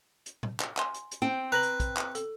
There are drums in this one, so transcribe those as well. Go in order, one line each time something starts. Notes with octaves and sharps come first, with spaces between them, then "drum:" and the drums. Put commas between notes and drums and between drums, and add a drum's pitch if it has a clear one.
drum: hi-hat
drum: tom A2
drum: clap
G#5 C6, drum: clap
drum: hi-hat
drum: hi-hat
C4 G5
B4 A#5 A#6 F#7
drum: hi-hat
drum: kick, hi-hat
drum: clap
A4, drum: hi-hat